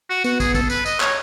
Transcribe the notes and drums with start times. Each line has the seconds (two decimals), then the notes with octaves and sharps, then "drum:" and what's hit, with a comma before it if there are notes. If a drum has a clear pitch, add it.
0.10 F#4
0.24 B3 F#4, drum: tambourine
0.40 G#4, drum: kick, tambourine
0.55 A4, drum: kick, tambourine
0.70 B4, drum: tambourine
0.86 D#5, drum: tambourine
1.00 C#5, drum: clap